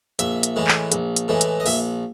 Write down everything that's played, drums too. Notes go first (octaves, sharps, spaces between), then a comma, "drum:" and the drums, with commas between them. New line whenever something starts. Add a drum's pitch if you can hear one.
A#1 E5, drum: hi-hat
drum: hi-hat
A2 E3 G#3
drum: clap
A#1, drum: hi-hat
drum: hi-hat
A2 E3 G#3
drum: hi-hat
D#5
A#1 E5, drum: open hi-hat